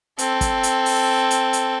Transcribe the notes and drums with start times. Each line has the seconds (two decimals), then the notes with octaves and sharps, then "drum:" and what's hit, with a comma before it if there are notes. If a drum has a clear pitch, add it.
0.18 C4 A4, drum: hi-hat
0.41 drum: kick, hi-hat
0.63 drum: hi-hat
0.86 drum: open hi-hat
1.31 drum: hi-hat
1.53 drum: hi-hat